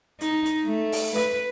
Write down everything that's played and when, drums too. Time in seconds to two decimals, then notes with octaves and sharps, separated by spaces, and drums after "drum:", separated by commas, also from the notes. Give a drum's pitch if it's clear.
0.21 D#4, drum: hi-hat
0.46 drum: hi-hat
0.64 A3
0.92 drum: open hi-hat
1.16 B4, drum: rim click